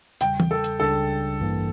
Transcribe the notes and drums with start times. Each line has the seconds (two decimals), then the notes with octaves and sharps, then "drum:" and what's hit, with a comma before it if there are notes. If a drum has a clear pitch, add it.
0.21 E2 C#3 G3 G5, drum: hi-hat
0.40 drum: tom E3
0.51 A4
0.64 drum: hi-hat
0.80 C#2 C#3 G3 D4 A4
1.40 A1 G2 E3 A#3